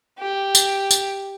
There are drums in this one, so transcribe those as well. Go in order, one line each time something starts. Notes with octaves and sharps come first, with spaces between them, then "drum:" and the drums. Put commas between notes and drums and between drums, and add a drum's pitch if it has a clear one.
G4
drum: tambourine
drum: tambourine